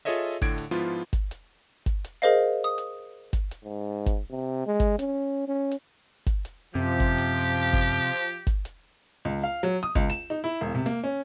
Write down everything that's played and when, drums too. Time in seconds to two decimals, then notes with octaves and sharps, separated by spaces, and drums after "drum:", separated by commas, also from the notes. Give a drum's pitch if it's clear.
0.05 F4 G#4 A4 C#5 D#5 E5
0.42 A2 D3 G#6 D7, drum: kick G1, hi-hat
0.58 drum: hi-hat
0.71 G#2 F3 B3 E4 F4
1.13 drum: kick G1, hi-hat
1.31 drum: hi-hat
1.86 drum: kick G1, hi-hat
2.04 drum: hi-hat
2.22 G#4 A#4 C5 D#5 F5
2.64 D#6
2.78 drum: hi-hat
3.33 drum: kick G1, hi-hat
3.51 drum: hi-hat
3.64 G#2
4.06 drum: kick G1, hi-hat
4.31 C3
4.67 G#3
4.80 drum: kick G1, hi-hat
4.99 C#4, drum: hi-hat
5.48 C#4
5.71 drum: hi-hat
6.26 drum: kick G1, hi-hat
6.45 drum: hi-hat
6.75 F#2 C3 F3 G4
7.00 drum: kick G1, hi-hat
7.18 drum: hi-hat
7.73 drum: kick G1, hi-hat
7.92 drum: hi-hat
8.47 drum: kick G1, hi-hat
8.65 drum: hi-hat
9.25 C#2
9.43 F5
9.63 F#3
9.83 D#6
9.95 C#2, drum: kick G1, hi-hat
10.10 E7, drum: hi-hat
10.30 D#4
10.44 E4
10.61 E1
10.75 C3
10.86 A#3, drum: hi-hat
11.04 C#4